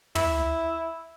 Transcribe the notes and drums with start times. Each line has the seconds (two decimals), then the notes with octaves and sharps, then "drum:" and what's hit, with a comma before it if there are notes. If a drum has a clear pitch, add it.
0.15 E4, drum: tom